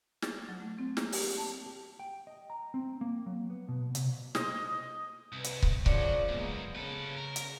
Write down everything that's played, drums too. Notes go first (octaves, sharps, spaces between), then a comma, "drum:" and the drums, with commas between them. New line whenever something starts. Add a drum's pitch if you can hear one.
A6, drum: snare
F#3
A3
C4
A#3, drum: snare
G4, drum: open hi-hat
A5
G4
G5
D#5
A#5
C4
A#3
F#3
B3
B2
C3, drum: hi-hat
D#5, drum: snare
C2 B4
drum: hi-hat
drum: kick C#1
C#3 F3 F#3 D5 F#5, drum: kick C#1
F#2 G#3 A#3 B3
C#3 A4 B4
A#4
drum: hi-hat